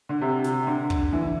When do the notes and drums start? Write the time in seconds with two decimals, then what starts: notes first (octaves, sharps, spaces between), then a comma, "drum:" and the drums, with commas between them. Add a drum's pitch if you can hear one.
0.09 D3
0.21 C3
0.44 drum: snare
0.67 D3
0.90 drum: kick
1.13 E3